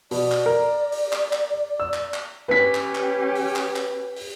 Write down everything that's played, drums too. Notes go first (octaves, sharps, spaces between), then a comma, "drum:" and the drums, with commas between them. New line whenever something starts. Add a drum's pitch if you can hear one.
B2 D5, drum: open hi-hat
drum: clap
A#4
drum: open hi-hat
drum: clap
drum: clap
E6
drum: clap
drum: clap
C#4 G4 B4 B6
drum: clap
drum: clap
drum: open hi-hat
drum: clap
drum: clap
drum: open hi-hat